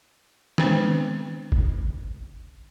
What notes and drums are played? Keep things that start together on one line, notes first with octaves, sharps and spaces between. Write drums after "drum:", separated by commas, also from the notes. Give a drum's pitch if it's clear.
D#3 G#3 B3 C4 D4 C5, drum: snare
drum: kick G1